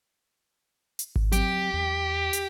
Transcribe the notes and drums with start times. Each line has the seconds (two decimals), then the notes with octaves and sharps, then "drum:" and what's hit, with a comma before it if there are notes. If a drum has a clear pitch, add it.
0.99 drum: hi-hat
1.16 drum: kick G#1
1.32 F#3 C4 G4, drum: hi-hat
1.73 E2
2.33 drum: hi-hat